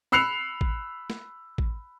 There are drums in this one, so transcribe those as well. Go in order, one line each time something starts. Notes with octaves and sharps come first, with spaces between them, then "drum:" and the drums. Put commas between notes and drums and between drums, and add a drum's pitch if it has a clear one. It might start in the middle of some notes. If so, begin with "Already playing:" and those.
B5 E6 F#6 C7 C#7 F7
drum: kick A1
drum: snare
drum: kick A1